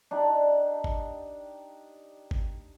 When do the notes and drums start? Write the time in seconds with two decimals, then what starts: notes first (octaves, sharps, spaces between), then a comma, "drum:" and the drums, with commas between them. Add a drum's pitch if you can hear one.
0.11 D4 D#4 G4 D5
0.84 drum: kick G#1
2.31 drum: kick G#1